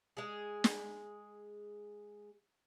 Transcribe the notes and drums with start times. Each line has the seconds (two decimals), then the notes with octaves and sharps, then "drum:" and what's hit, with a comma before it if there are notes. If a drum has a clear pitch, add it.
0.17 G#3 G#4
0.64 drum: snare